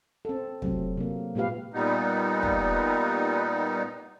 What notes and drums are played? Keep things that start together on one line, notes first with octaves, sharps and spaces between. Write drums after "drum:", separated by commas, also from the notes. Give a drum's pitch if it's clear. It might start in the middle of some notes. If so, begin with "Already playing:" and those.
C4 A4
C3 F#3 A3, drum: kick
C3 A#3
A#2 G#3 F4 G4 B4 F5
A#2 G3 B3 D#4
drum: kick